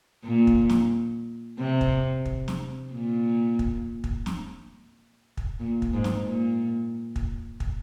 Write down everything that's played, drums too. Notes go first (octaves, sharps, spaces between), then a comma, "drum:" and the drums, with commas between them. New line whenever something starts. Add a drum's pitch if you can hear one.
A#2
drum: kick
drum: snare
C3
drum: kick
drum: kick
drum: snare
A#2
drum: kick
drum: kick
drum: snare
drum: kick
A#2
drum: kick
G#2
drum: snare
A#2
drum: kick
drum: kick